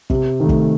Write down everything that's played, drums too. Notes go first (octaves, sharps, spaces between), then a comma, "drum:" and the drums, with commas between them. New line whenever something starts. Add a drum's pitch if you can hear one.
C3, drum: kick
D#3 A3
drum: kick